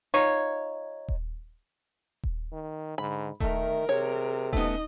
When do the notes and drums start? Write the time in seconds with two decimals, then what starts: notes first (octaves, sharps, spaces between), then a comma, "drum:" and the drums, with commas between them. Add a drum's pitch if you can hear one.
0.14 D#4 F4 C#5
1.08 drum: kick D#1
2.23 drum: kick D#1
2.52 D#3
2.98 G#2 D3 B5
3.40 D#3 A3 A#4 E5, drum: kick D#1
3.89 C3 G#4 C#5
4.53 A3 B3 C#4 D#4 D#5, drum: kick D#1